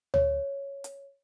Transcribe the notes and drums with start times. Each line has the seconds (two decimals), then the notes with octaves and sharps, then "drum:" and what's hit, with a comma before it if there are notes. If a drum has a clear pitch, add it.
0.14 C#5, drum: tom D2
0.84 drum: hi-hat